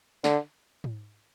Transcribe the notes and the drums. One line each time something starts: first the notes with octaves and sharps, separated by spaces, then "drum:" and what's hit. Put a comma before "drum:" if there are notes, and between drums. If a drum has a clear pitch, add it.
D3, drum: snare
drum: tom G#2